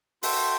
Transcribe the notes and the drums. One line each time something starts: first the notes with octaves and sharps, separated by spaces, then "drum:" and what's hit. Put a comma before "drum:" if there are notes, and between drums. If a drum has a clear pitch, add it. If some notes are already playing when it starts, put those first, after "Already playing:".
F#4 A4 E5 G5 C6, drum: open hi-hat